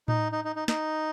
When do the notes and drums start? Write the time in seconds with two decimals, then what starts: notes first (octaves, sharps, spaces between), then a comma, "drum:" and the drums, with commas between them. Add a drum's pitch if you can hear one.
0.08 D#4, drum: tom A2
0.32 D#4
0.44 D#4
0.56 D#4
0.68 D#4, drum: snare